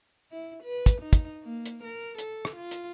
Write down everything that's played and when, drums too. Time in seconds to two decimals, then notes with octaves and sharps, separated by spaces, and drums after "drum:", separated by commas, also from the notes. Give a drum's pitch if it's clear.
0.31 E4
0.64 B4
0.86 drum: kick, hi-hat
1.01 D#4
1.13 drum: kick, hi-hat
1.43 A#3
1.66 drum: hi-hat
1.84 A#4
2.18 A4, drum: hi-hat
2.45 drum: rim click
2.56 F4
2.71 drum: hi-hat